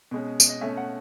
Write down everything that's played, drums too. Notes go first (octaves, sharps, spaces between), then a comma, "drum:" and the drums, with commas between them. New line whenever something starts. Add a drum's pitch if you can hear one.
B2 G#3 C#4
drum: tambourine
D#5
B2 A3 C#4 E5
F#5